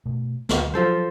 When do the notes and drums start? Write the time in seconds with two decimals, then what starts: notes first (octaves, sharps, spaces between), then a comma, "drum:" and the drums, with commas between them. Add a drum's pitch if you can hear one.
0.05 B2 A3
0.49 D2, drum: snare
0.73 F3 F#3 A4 C5